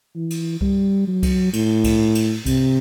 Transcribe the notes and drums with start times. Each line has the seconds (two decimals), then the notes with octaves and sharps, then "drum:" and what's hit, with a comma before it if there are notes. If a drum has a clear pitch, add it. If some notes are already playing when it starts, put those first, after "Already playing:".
0.15 E3
0.30 drum: cymbal
0.61 G3, drum: kick C2
1.07 F#3
1.23 drum: kick C2, cymbal
1.53 A2, drum: cymbal
1.84 drum: kick C2, cymbal
2.15 drum: cymbal
2.46 C3, drum: kick C2, cymbal